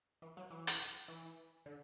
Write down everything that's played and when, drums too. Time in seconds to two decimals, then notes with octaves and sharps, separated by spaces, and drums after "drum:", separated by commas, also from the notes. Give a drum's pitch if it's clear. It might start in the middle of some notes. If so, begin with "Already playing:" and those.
0.22 E3
0.37 F#3
0.50 E3
0.67 drum: hi-hat
1.08 E3
1.66 D3